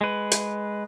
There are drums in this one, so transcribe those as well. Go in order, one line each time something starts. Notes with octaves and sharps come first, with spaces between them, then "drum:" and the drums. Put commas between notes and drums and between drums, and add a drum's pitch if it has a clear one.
G#3 B4
drum: hi-hat